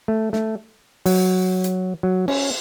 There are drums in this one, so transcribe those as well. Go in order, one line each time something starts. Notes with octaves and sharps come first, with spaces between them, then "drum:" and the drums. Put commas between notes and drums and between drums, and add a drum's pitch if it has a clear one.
A3
A3, drum: snare
F#3, drum: open hi-hat
drum: hi-hat
F#3
C#4, drum: cymbal